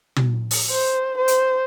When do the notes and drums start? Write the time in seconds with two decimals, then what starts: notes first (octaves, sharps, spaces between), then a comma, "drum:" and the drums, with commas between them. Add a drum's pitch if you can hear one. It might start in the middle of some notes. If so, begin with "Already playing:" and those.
0.16 drum: tom
0.51 drum: open hi-hat
0.71 C5
1.18 C5
1.28 drum: hi-hat